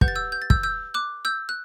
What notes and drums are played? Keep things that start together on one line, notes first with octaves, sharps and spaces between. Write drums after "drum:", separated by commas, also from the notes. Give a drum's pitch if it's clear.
G4 B4 F#5 G6, drum: kick
A6
E6 G6
G6
A6
E6 G6, drum: kick
E6 G6
D6 F#6
E6 G6
F#6